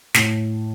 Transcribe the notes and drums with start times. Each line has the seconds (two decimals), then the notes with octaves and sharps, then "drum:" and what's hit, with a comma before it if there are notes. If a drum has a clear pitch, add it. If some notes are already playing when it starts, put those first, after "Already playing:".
0.14 A2, drum: snare